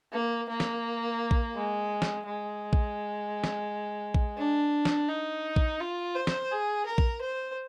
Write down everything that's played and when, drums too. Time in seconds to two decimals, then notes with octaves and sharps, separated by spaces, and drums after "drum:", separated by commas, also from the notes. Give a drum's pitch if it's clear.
0.12 A#3
0.49 A#3
0.60 drum: snare
1.31 drum: kick A#1
1.55 G#3
2.02 drum: snare
2.26 G#3
2.73 drum: kick A#1
3.44 drum: snare
4.14 drum: kick A#1
4.38 D4
4.85 drum: snare
5.08 D#4
5.56 drum: kick A#1
5.81 F4
6.15 C5
6.27 drum: snare
6.51 G#4
6.86 A#4
6.98 drum: kick A#1
7.21 C5